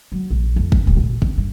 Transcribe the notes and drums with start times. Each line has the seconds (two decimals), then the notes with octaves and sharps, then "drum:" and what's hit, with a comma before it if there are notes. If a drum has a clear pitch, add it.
0.12 F#3
0.30 A#1
0.56 F2
0.72 C#4, drum: kick
0.87 D1
1.01 A#2
1.22 C4, drum: kick
1.38 G2